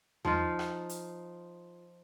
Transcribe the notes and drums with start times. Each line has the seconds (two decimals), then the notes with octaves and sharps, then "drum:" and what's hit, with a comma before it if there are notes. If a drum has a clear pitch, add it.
0.25 F3 D#4 F4, drum: tom E2
0.59 drum: rim click
0.89 drum: hi-hat